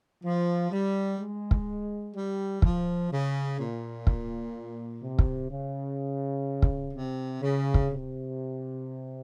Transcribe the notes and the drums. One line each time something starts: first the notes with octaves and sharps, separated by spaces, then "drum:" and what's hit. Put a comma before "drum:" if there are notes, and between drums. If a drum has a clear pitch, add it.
F3
G3
G#3
drum: kick
G3
F3, drum: kick
C#3
A#2
drum: kick
C3
drum: kick
C#3
drum: kick
C3
C#3
drum: kick
C3